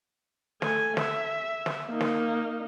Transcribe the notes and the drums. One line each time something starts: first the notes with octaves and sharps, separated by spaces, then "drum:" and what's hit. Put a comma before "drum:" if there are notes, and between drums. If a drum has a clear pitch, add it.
A3 G#5, drum: snare
E5, drum: snare
drum: snare
A#3 D#4
drum: snare